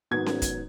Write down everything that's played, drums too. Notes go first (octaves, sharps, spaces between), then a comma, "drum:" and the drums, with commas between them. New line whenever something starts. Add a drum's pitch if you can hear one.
G#2 D#3 F#3 B3 G#6
drum: snare C#4
drum: kick, hi-hat